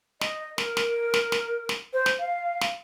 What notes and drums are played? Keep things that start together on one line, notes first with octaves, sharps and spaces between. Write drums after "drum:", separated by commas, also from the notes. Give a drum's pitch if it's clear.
D#5, drum: snare
A#4, drum: snare
drum: snare
drum: snare
drum: snare
drum: snare
C5
drum: snare
F5
drum: snare